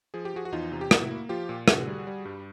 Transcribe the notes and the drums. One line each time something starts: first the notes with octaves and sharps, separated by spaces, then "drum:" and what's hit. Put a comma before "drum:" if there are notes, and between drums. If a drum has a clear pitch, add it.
F3 G#4
G4
F3 F#4 G#4
F#4
E2 D#4 F4
C3
G4
A#3 E4 F#4, drum: rim click
A#3
F3 F4 G4
A#2
D3 F#4 G#4, drum: rim click
G3
G3
G2